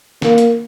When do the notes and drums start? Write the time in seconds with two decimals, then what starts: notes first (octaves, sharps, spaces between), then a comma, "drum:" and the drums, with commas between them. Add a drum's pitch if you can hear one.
0.22 A#3, drum: snare
0.38 drum: hi-hat